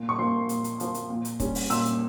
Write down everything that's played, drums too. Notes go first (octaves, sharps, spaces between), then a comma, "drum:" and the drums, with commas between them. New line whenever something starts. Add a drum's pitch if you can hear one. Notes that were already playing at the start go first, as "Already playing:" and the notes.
Already playing: A#2
C#6
F3 A#3 C6
A#2, drum: hi-hat
drum: hi-hat
F3 A#3, drum: hi-hat
drum: hi-hat
A#2
drum: hi-hat
G3 C#4, drum: kick, hi-hat
drum: open hi-hat
A#2 E6, drum: hi-hat
drum: hi-hat